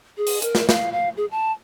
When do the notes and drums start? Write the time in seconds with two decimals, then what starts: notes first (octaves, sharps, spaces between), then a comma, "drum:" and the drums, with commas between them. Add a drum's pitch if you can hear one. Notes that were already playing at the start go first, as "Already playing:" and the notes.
0.17 G#4
0.27 drum: open hi-hat
0.42 A#4, drum: hi-hat
0.55 drum: snare
0.69 F5, drum: snare
0.92 F5
1.17 G#4
1.31 A5